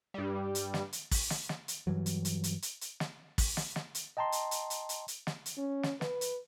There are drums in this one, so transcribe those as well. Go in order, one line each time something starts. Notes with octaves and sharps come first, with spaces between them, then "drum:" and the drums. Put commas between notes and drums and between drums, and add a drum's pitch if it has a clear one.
G2 G3
drum: hi-hat
drum: snare
drum: hi-hat
drum: kick, open hi-hat
drum: snare
drum: snare
drum: hi-hat
G2 E3 F#3
drum: hi-hat
drum: hi-hat
drum: hi-hat
drum: hi-hat
drum: hi-hat
drum: snare
drum: kick, open hi-hat
drum: snare
drum: snare
drum: hi-hat
D#5 G5 A5 A#5 C6
drum: hi-hat
drum: hi-hat
drum: hi-hat
drum: hi-hat
drum: hi-hat
drum: snare
drum: hi-hat
C#4
drum: snare
B4, drum: snare
drum: hi-hat